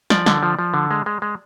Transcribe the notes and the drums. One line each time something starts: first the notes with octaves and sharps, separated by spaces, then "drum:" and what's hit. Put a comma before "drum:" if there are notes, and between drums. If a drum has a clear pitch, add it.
F3 D5, drum: snare
D3, drum: snare
F3
F3
D3
G#3
G#3
G#3